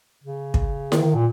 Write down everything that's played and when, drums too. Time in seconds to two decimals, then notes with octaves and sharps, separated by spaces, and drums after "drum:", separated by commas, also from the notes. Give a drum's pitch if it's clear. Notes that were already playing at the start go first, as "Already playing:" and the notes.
0.23 C#3
0.54 drum: kick
0.92 D#3, drum: snare E4
1.02 D#3
1.14 A#2